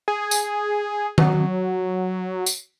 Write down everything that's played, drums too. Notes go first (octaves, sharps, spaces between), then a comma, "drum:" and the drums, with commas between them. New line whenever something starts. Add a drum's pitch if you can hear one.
G#4
drum: tambourine
F#3, drum: tom D#3
drum: tambourine